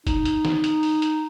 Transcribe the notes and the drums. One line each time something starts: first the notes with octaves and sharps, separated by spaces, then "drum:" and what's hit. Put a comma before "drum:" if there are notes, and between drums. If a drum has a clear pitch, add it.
D#4, drum: kick, hi-hat
drum: hi-hat
drum: snare
drum: hi-hat
drum: open hi-hat
drum: hi-hat